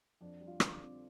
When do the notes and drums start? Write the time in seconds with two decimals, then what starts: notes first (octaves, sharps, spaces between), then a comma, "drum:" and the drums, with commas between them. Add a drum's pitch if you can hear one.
0.21 F2 D4 D5
0.40 G3
0.47 F4 F5
0.60 D3, drum: rim click
0.73 D5 D6
0.79 C4